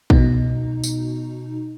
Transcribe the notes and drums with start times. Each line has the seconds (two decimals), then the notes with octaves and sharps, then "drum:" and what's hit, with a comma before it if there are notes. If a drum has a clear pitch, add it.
0.10 B2 D#4, drum: kick
0.84 drum: tambourine